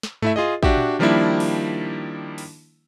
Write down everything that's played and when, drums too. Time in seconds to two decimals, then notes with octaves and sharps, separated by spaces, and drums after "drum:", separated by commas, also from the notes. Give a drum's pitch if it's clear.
0.03 drum: snare
0.22 A3 E4 E5, drum: tom G2
0.36 F4 G#4 D#5
0.63 D4 F#4 G4 E5, drum: kick
0.77 drum: tom A#2
0.99 D#3 F3 G3 A#3 D4 E4
1.40 drum: open hi-hat
2.38 drum: open hi-hat